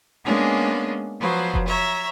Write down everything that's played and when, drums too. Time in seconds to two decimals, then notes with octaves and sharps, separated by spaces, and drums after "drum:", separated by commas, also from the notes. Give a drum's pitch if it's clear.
0.25 G#3 A#3 B3 C#4 D4
1.20 F3 F#3 B3 C5
1.54 drum: kick F1
1.67 C#5 E5 A#5